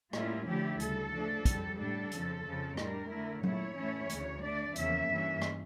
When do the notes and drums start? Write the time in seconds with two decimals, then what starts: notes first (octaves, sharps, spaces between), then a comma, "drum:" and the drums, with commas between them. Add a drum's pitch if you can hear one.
0.13 A2 G3 A#3 C#4 E4 F4, drum: rim click
0.47 D3 F3 A3 E4 G4
0.80 D2 C#3 G3 A4, drum: hi-hat
1.13 C#3 F3 A3 D4
1.45 F2 C#3 G3, drum: kick, hi-hat
1.78 A2 G3 D4 A4
2.11 F2 C#3 F3, drum: hi-hat
2.44 F2 C#3 F3 C#4
2.77 A2 G3 D4 A#4, drum: rim click
3.11 D3 A3 E4
3.43 A#2 A3 E4 C#5, drum: tom F#3
3.76 A2 E3 A3 C#4 E4
4.09 D2 C#3 E3, drum: hi-hat
4.43 D3 A3 D4 D5
4.76 E2 C#3 F3 A#3 C#4 E5, drum: hi-hat
5.09 G2 E3 A#3 C#4
5.42 drum: rim click